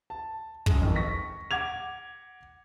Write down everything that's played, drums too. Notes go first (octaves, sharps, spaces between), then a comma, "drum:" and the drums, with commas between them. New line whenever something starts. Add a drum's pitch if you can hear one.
A5
F#2 G#3, drum: kick
F2 D#3
C#6 A#6 B6
F#5 D6 G#6 F7